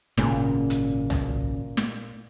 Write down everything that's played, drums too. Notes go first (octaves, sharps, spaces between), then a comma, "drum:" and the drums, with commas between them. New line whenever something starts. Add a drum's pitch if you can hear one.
G#1 A#2 C#3 C#4, drum: snare
drum: hi-hat
drum: tom
drum: snare